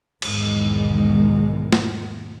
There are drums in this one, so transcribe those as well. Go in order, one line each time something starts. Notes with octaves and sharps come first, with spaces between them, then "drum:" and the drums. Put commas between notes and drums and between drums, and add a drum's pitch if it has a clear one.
B1 E2 G#2 D#3 G#3, drum: cymbal
drum: snare A#3